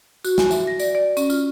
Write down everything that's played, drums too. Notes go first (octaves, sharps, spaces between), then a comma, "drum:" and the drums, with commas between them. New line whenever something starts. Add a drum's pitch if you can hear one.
F#4, drum: tambourine
G#5, drum: snare
E5, drum: tambourine
A#6
D5, drum: tambourine
D5
C#4, drum: tambourine
F4, drum: tambourine